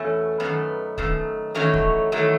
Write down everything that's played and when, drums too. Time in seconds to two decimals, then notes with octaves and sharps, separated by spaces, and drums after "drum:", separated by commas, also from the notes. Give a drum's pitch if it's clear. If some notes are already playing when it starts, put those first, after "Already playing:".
Already playing: E2 B2 A3 C#4 A4
0.40 F#2 D#3 A3 B3 B4
0.98 F#2 D#3 A3, drum: kick
1.55 E2 D#3 F#3 A3 C#4 C#5
1.74 drum: kick
2.12 E2 D#3 F#3 A3